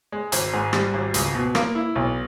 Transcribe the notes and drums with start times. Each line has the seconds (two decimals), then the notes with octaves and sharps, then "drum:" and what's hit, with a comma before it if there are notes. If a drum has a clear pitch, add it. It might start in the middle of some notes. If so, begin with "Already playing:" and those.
0.12 G#3
0.32 G#1, drum: hi-hat
0.53 G#2
0.73 G3, drum: rim click
0.94 G#1
1.14 C#2, drum: hi-hat
1.35 B2
1.55 A#3, drum: rim click
1.75 E4
1.96 B1